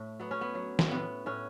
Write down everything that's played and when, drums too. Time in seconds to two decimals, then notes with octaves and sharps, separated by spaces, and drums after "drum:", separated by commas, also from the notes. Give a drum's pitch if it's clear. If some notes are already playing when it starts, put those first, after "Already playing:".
Already playing: A2 A3
0.20 F#3 B3
0.31 C#4
0.41 B3
0.55 F#3
0.79 drum: snare
0.91 A2 B3
1.26 A2 C#4